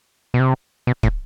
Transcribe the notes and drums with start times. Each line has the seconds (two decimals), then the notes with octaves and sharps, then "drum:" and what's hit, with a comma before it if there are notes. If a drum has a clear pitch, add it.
0.34 B2
0.40 C3
0.87 B2
1.03 A2, drum: kick